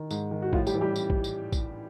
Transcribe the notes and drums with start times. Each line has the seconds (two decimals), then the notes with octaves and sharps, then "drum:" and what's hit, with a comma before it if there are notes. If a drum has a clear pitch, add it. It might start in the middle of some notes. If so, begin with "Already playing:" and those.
Already playing: D#3
0.11 G#2, drum: tambourine
0.31 D#3
0.42 F#4
0.53 A2 F3 F4, drum: kick
0.67 G3 G4, drum: tambourine
0.75 E3
0.81 G3 G4
0.96 drum: tambourine
1.10 drum: kick
1.24 drum: tambourine
1.52 drum: kick, tambourine